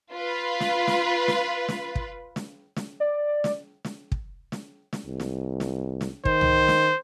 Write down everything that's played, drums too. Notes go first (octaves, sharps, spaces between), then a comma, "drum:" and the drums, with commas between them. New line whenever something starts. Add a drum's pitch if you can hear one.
F4 B4
drum: snare
drum: snare
drum: snare
drum: snare
drum: kick
drum: snare
drum: snare
D5
drum: snare
drum: snare
drum: kick
drum: snare
drum: snare
C2
drum: snare
drum: snare
drum: snare
D#3 C5, drum: kick
drum: tom
drum: snare